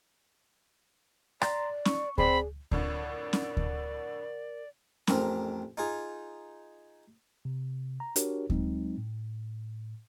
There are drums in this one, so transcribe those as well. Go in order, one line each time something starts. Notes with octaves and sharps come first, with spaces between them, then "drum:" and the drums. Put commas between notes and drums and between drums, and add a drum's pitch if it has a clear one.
D5 A#5 C6 A6, drum: rim click
C#6, drum: snare C#4
C4 G#4 D5 B5, drum: kick D2
F2 A2 D3 A#4 D5, drum: kick D2
A#4
drum: snare C#4
drum: kick D2
A1 F2 C4 A#4 A#5, drum: snare C#4
D#4 F4 G#4
C3
A#5
D4 F#4 G4 A#4 C#5, drum: hi-hat
F#3 G#3 C4 D#4, drum: kick D2
A2